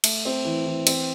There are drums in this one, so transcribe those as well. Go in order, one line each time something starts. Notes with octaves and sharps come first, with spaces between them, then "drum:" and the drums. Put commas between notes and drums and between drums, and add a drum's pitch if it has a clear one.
A3, drum: cymbal
C4
E3
E3
C4, drum: cymbal